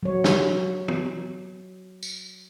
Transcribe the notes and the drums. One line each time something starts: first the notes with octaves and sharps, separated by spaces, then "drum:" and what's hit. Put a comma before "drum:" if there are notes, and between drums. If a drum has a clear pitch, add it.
F#3 C#5
drum: snare
drum: tom
drum: tambourine